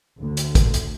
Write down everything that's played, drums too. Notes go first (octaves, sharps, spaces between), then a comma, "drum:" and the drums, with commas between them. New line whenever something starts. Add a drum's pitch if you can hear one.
D2 D3
drum: hi-hat
drum: kick, hi-hat
drum: hi-hat